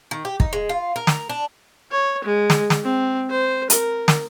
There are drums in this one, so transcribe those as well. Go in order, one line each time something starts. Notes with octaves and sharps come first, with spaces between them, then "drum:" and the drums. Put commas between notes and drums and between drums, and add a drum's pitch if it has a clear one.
D#3
G4
D#4, drum: kick
G#3
F4
A#4
drum: snare
D4
C#5
G#3
drum: snare
drum: snare
C4
C5
A#4, drum: hi-hat
drum: snare